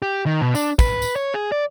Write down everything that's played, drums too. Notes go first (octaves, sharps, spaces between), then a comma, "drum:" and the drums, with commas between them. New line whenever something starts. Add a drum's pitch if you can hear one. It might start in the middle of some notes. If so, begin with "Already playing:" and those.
G4
D#3
B2
D4, drum: tambourine
B4, drum: kick, tambourine
drum: tambourine
C#5
G#4
D5